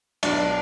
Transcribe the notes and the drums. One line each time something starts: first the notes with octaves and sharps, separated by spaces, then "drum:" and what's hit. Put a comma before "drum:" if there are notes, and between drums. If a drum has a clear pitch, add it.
B1 D4 D5, drum: cymbal